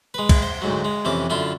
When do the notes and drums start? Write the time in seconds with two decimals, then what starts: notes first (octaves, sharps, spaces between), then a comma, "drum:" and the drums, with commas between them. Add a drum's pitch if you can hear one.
0.14 G#3 B4
0.29 drum: kick, cymbal
0.42 C5
0.62 D2 G#2 F#3
0.85 G#3
1.05 F2 C3 E3 C#4 D6
1.30 F#2 D3 E4 F4 C6